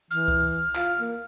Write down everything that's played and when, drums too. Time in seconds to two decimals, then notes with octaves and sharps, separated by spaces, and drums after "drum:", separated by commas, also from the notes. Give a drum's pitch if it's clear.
0.11 E3 F6
0.28 drum: kick C#2
0.75 F4, drum: clap
0.99 A#3